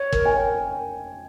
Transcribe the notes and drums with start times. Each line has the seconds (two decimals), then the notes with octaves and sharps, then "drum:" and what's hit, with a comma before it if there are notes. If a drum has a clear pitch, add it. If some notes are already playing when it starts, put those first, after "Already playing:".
Already playing: C#5
0.12 A#4, drum: kick
0.25 G#5
0.37 A#4 G5